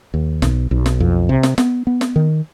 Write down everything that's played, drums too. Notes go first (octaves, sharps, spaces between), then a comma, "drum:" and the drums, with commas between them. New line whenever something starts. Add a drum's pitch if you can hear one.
D#2
B1, drum: snare
B1
drum: snare
F2
C3
drum: snare
B3, drum: snare
B3
drum: snare
D#3